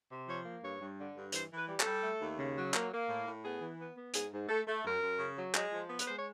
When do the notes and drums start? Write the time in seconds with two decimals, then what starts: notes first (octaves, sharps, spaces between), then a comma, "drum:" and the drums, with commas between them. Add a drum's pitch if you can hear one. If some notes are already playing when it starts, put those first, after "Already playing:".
0.10 C3
0.28 F3 C#5
0.45 A#3
0.63 G2 C#5
0.81 G2
0.98 D3
1.15 G2
1.32 E3 C5, drum: hi-hat
1.51 E3
1.56 B4
1.68 G3
1.80 A4, drum: clap
1.85 G3
2.03 A3
2.21 D#2
2.38 C#3
2.56 F#3
2.74 A#3, drum: clap
2.91 A#3
3.09 A2
3.27 A2
3.43 B3 G#4
3.61 E3
3.79 B3
3.96 B3
4.14 G#2 G#4, drum: hi-hat
4.32 G#2
4.48 A3 A4
4.67 A3
4.84 F#2 A#4
5.02 F#2
5.19 C#3
5.37 F#3
5.55 G#3, drum: clap
5.72 F3
5.90 B3
5.99 B4, drum: hi-hat
6.07 G#3 C5
6.16 C#5